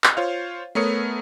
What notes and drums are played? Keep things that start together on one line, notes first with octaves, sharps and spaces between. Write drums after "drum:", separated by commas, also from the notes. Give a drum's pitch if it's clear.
drum: clap
F4 C5 C#5 F5
A3 B3 A#4 C#5 D#6 C#7